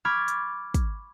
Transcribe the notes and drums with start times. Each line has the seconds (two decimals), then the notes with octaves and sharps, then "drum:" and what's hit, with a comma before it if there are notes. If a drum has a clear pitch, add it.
0.05 B5 C#6 D6 F6 G#6 A6
0.28 drum: hi-hat
0.74 drum: kick, hi-hat